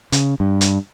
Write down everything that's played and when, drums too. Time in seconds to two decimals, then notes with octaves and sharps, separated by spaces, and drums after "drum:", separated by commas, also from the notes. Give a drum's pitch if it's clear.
0.12 C#3, drum: hi-hat
0.40 G2
0.61 drum: hi-hat